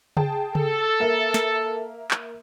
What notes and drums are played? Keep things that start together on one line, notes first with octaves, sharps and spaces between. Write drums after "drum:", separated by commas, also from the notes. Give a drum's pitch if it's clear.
G#4 G5 A5, drum: tom C#3
A4, drum: tom C#3
A#3 A#4 E5
drum: snare
drum: clap